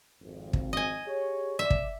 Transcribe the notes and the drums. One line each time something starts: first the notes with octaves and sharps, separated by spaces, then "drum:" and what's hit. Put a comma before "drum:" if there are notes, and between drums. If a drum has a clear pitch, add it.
G#1 F2
drum: kick
D#5 G#5
G4 G#4 C#5
D5 E5
drum: kick